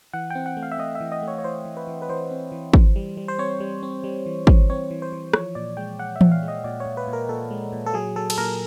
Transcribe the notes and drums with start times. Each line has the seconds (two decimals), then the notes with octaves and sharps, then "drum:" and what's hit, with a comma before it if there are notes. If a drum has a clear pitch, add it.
0.13 E3 F#5
0.30 C4 G5
0.46 F#5
0.57 A3
0.63 F5
0.72 E5
0.78 A3 D#5
0.95 E5
1.01 E3
1.12 D#5
1.22 A3
1.28 C#5
1.38 C#5
1.44 E3 C5
1.65 E3
1.77 B4
1.87 E3
2.02 B4
2.09 E3 C5
2.31 C4
2.52 E3
2.74 E3, drum: kick
2.96 G3
3.17 G3
3.28 C5
3.39 C4 C#5
3.60 G3
3.83 C4
4.04 G3
4.26 E3
4.47 E3, drum: kick
4.70 C4 C#5
4.91 E3
5.02 C5
5.12 E3
5.34 F3 C#5, drum: rim click
5.55 A#2 D5
5.77 G#3 G5
5.99 G#3 F#5
6.16 E5
6.21 A#2, drum: tom E3
6.32 F5
6.43 G#3
6.48 D#5
6.64 A#2 D5
6.80 C#5
6.86 A#2
6.97 B4
7.08 A#2
7.13 A#4
7.29 A#2 A4
7.51 G#3
7.73 A#2
7.86 A4
7.94 F#3 G#4
8.16 F#3 A4
8.30 A4, drum: cymbal
8.38 A#2 A#4